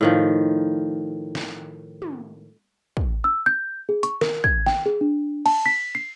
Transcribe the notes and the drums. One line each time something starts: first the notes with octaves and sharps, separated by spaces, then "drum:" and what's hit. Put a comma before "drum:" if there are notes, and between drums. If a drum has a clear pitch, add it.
A2 D#3 F3
drum: snare
drum: tom
drum: kick
E6
G6
G#4
C#6, drum: hi-hat
A#4, drum: snare
G#6, drum: kick
G5, drum: snare
G#4
D4
A5, drum: cymbal
B6
C7